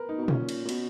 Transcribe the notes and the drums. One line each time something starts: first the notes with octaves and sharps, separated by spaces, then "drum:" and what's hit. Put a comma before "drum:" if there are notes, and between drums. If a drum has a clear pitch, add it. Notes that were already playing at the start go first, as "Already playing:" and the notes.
Already playing: A#4 B4
D#4
B2
D#4
A#2 C#4, drum: tom A#2
drum: cymbal
A#2
B2, drum: cymbal